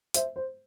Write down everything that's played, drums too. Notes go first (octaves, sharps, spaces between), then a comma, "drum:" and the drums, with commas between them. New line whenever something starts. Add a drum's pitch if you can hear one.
C5 E5, drum: hi-hat
C5